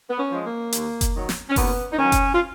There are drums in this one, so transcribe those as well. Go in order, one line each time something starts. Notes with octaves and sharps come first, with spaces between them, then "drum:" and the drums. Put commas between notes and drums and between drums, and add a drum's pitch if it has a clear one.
B3
C#4
F3 G#3
A#3
D#2, drum: hi-hat
drum: kick F#1, hi-hat
D#3 F#3
drum: snare
C#4
D#2 B3, drum: kick F#1, open hi-hat
D#4
D#3 F#3 C#4
drum: kick F#1, hi-hat
F4